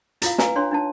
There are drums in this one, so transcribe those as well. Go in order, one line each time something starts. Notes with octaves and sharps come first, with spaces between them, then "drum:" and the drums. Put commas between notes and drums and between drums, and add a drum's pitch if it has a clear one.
E4 F4 F5, drum: hi-hat
B4 F5 G#5 A#5, drum: snare
D4 C#5 C6
D4 D#4 A5